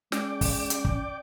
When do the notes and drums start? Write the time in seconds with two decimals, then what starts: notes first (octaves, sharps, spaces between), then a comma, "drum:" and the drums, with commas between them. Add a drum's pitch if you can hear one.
0.12 G#3 C#4 D5 G5 D6, drum: snare
0.41 drum: kick, open hi-hat
0.70 drum: hi-hat
0.85 drum: kick